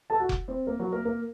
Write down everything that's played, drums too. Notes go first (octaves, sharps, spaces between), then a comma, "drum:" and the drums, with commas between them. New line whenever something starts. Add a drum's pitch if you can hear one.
A4 A5
F#4 F#5
drum: kick F1
C4 C5
A#3 A#4
F#3 F#4
A#3 A#4
A#3 A#4